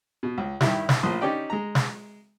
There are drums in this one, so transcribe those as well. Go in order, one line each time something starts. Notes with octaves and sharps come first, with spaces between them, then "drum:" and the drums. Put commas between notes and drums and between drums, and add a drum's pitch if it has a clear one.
B2
C#2
G2 D#3 E4 G4, drum: snare
drum: snare
A#1 A2 F3 F4 C6 D#6
C#4 D#4 G4 D5 G5
G#3 A#5
drum: snare